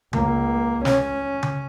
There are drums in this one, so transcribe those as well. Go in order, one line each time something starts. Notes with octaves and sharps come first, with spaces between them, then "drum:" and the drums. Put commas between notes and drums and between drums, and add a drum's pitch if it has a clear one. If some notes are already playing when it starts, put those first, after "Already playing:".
C#2 A#3, drum: tom C#3
C#4, drum: snare
drum: tom C#3